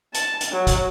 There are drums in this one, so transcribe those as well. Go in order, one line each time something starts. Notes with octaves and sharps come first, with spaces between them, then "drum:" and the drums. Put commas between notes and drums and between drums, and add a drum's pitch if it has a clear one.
A5, drum: hi-hat
drum: hi-hat
F#3
drum: kick, hi-hat